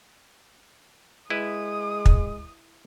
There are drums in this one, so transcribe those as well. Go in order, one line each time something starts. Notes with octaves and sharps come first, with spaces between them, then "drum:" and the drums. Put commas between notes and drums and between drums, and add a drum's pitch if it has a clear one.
G#3 E4 B4 D#6
drum: kick